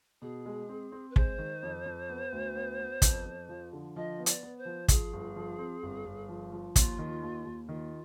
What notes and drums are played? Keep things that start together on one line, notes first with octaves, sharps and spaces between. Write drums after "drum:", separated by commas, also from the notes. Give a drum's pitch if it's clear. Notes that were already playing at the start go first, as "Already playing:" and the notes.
B2 G#4
G#3
C4
C4
B4
G#3 C5, drum: kick
D#3
F2
F2
B3
D2
B3
B3
F2, drum: kick, hi-hat
F2
F3
D3
F3 D#5
B3
D5, drum: hi-hat
B3
C5
F3
F3 G#4, drum: kick, hi-hat
G1
F3
C4
G1
G1
F3
F3
D#2 F4, drum: kick, hi-hat
D#3
D#2
D#2
D#3 F4